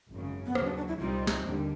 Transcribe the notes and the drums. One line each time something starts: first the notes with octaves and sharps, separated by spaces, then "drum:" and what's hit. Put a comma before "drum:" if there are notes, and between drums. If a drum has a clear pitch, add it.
G#1 F#2 C#3
B3
D#2 C#3 F#3 A#3, drum: rim click
D4
D4
E4
C2 A#2 G3 C4 D#4 F4
drum: snare
D#2 D3 G3